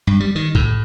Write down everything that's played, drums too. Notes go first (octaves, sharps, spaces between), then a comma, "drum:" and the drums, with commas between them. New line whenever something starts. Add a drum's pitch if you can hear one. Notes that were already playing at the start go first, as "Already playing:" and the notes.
G2
G3
D#3
A2, drum: kick C2